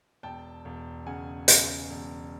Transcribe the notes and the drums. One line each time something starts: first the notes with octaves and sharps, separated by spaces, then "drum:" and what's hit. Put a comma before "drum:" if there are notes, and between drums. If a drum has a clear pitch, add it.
E1 G5 A5
E1
C#3 F#5 G#5
C#3, drum: hi-hat
E1